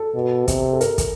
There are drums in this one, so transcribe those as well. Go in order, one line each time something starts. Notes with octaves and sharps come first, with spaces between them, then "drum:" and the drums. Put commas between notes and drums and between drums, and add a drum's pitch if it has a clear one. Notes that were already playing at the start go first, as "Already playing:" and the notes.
Already playing: A4
B2
C3, drum: kick, hi-hat
A4
A#4, drum: hi-hat
drum: kick, hi-hat